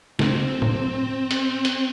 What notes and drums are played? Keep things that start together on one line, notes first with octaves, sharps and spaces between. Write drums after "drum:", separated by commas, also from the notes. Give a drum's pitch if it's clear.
C4, drum: snare
drum: tom A2
drum: hi-hat
drum: hi-hat